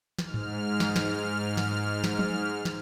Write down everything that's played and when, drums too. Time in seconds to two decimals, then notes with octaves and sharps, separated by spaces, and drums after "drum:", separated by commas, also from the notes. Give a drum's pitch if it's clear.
0.19 G#2 F6, drum: snare
0.34 drum: tom G#2
0.80 drum: snare
0.96 drum: snare
1.57 drum: snare
2.04 drum: snare
2.19 drum: tom F3
2.65 drum: snare